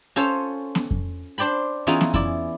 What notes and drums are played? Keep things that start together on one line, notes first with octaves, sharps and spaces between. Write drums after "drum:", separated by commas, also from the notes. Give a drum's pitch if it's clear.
C#4 F4 A4 C5 C#5
drum: snare B3
drum: kick F2
D4 C5 D5 G5 B5
E3 B3 C#4 D#4 F4 G#4
drum: snare B3
E4 D5, drum: kick F2